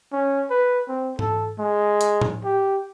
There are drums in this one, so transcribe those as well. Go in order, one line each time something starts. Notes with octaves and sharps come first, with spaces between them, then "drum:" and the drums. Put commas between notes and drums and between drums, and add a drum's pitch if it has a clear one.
C#4
B4
C4
A4, drum: tom G#2
G#3
drum: hi-hat
drum: tom A2
G4